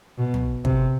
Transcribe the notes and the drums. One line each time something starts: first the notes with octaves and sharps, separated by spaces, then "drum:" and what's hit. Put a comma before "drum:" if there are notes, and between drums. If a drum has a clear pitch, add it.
B2
drum: tom
C3, drum: kick